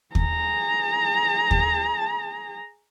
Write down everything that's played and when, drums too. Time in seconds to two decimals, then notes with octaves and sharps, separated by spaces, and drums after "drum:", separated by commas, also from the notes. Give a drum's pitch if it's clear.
0.15 G#4 A#5, drum: kick
1.51 drum: kick